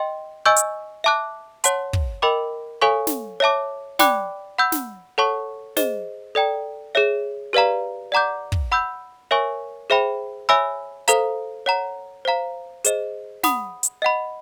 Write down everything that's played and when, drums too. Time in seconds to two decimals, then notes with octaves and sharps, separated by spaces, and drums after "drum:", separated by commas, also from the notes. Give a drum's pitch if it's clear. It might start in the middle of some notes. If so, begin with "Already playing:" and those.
Already playing: D#5 G5 C6
0.46 D#5 G#5 C#6 E6 G6
0.56 drum: hi-hat
1.04 E5 A5 D6 F#6
1.64 C#5 F#5 A5 C6, drum: hi-hat
1.93 drum: kick
2.22 A#4 D#5 G5 B5 D6
2.82 A4 C#5 F5 G#5 C#6
3.07 drum: snare
3.40 C#5 E5 A5 D6
3.99 D5 G5 B5 D6 F#6, drum: snare
4.58 F#5 B5 E6 G6
4.72 drum: snare
5.18 A4 C#5 F#5 A5 C#6
5.77 G#4 C5 D#5, drum: snare
6.35 A4 D5 G5 A#5
6.95 G#4 C#5 E5
7.53 G4 B4 D5 F5 A#5
8.12 D5 F#5 A#5 D6 G6
8.52 drum: kick
8.72 F#5 B5 E6 G6
9.31 A#4 C#5 E5 G#5 C#6
9.90 G#4 C5 E5 G5 B5
10.49 C#5 E5 G#5 B5 E6
11.08 A4 C5 F5 A#5, drum: hi-hat
11.66 C#5 F#5 A#5
12.25 C5 F5 A#5
12.84 G#4 C5 D#5, drum: hi-hat
13.44 F#5 B5 D#6, drum: snare
13.83 drum: hi-hat
14.02 D#5 F#5 B5